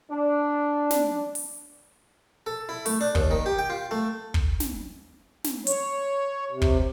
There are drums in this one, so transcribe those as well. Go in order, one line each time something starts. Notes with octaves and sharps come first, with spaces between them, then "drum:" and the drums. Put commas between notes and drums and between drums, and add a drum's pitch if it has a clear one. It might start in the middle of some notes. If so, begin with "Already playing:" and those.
D4
drum: snare
drum: open hi-hat
A4
E4
A3, drum: open hi-hat
D4
D#2, drum: kick
D#3
G4
G5
F4
A3
drum: kick
drum: snare
drum: snare
C#5, drum: hi-hat
C3
drum: kick